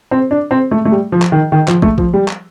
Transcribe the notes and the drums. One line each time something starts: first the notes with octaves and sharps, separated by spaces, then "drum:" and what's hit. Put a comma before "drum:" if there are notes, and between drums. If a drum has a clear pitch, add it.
C4
D4
C4
A3
A3
G3
F3
drum: clap
D#3
D#3
F3, drum: clap
A3, drum: kick
F3, drum: kick
G3
drum: clap